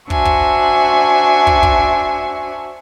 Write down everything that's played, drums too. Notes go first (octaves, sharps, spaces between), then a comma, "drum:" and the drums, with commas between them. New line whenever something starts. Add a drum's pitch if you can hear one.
D4 F#4 C5 E5 G#5 C#6, drum: kick
drum: kick
drum: kick
drum: kick